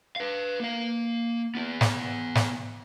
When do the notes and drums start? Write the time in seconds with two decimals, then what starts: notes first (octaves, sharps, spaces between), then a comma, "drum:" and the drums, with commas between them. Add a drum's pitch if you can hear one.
0.16 B4 F5
0.60 A#3 F5
1.55 B3 E4
1.81 drum: snare
2.35 drum: snare